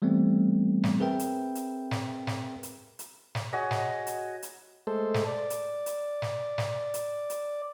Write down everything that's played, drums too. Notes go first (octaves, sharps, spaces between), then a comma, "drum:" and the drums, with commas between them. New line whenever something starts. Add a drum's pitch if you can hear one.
E3 G3 A3 B3 C4
drum: snare
C4 G#4 A#4 B4 E5 G5
drum: hi-hat
drum: hi-hat
drum: snare
drum: snare
drum: hi-hat
drum: hi-hat
drum: snare
F#4 G#4 C#5 D#5
drum: snare
drum: hi-hat
drum: hi-hat
G#3 A3 A4 C5
drum: snare
D5
drum: hi-hat
drum: hi-hat
drum: snare
drum: snare
drum: hi-hat
drum: hi-hat